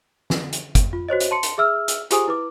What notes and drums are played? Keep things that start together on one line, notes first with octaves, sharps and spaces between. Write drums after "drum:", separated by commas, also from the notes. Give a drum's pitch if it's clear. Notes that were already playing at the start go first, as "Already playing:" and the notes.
drum: snare
drum: hi-hat
drum: kick, hi-hat
F4
F#4 C5 C#5 D#5
drum: hi-hat
A5 C6 C#7
drum: hi-hat
G#4 E5 E6 F6
drum: hi-hat
F4 G4 G#4 C5 G#5 D#6, drum: hi-hat
E4 B4 D6